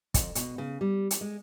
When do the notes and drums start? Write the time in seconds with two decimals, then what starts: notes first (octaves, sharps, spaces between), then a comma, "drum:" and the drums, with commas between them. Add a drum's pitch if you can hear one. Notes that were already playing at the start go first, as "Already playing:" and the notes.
0.14 F2, drum: kick, hi-hat
0.35 B2, drum: hi-hat
0.58 C#3
0.81 G3
1.11 drum: hi-hat
1.21 G#3